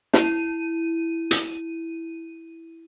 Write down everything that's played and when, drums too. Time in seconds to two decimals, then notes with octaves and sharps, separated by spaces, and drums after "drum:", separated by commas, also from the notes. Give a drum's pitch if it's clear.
0.13 E4 D#7, drum: snare
1.31 drum: hi-hat